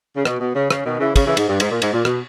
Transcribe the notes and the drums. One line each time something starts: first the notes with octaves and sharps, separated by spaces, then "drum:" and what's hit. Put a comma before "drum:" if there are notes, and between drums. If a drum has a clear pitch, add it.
C#3
B2, drum: rim click
B2
C#3
C#3, drum: rim click
B2 D#3
C#3 E3
C#3, drum: kick, cymbal
C#3 E3
G#2, drum: cymbal
G2
G#2, drum: cymbal
A#2
G#2, drum: cymbal
A#2
B2, drum: rim click